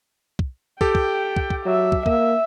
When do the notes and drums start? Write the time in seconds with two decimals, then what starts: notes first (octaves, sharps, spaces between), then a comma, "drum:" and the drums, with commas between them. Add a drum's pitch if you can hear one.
0.39 drum: kick
0.81 G4 A4 G5, drum: kick
0.95 drum: kick
1.36 drum: kick
1.50 drum: kick
1.66 F#3 E5
1.92 drum: kick
2.06 A#3 E5, drum: kick